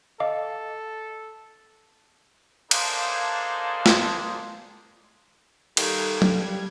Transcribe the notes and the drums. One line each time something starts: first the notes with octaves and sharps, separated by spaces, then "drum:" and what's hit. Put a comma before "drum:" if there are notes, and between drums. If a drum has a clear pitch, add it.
A4 D#5 F5 D6
A#3 D4 D#4 G#4 A4 C5, drum: cymbal
drum: snare
D#3 G3 A4 G#6, drum: cymbal
drum: tom